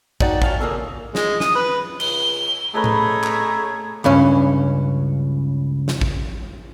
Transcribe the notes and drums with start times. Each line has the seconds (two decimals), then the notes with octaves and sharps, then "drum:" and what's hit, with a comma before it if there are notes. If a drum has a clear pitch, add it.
0.20 D#4 F#4 D5 F#5 G5 A5, drum: kick
0.42 C#4 F4 F5 G5 A5, drum: kick
0.60 C#3 A#3 F4 G#4 A4
1.15 G#3, drum: snare
1.40 D#6, drum: snare
1.55 B4
2.00 C#2 G7, drum: cymbal
2.75 A3 C#4 G#4 A4 B4 D#5 A#5 G#6
2.84 drum: tom A2
3.24 drum: clap
4.04 C#2 G2 C#4
5.88 drum: snare
6.01 drum: kick